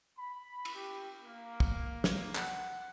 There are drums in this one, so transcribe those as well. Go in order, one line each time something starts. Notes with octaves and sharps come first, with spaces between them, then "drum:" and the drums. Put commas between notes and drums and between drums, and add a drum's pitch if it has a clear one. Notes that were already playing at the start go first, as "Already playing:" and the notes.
B5
drum: cymbal
G4
A#3
drum: kick
drum: snare
F#5, drum: clap